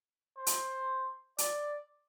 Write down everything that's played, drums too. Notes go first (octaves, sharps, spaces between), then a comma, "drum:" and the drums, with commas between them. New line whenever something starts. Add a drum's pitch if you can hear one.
C5
drum: hi-hat
D5, drum: hi-hat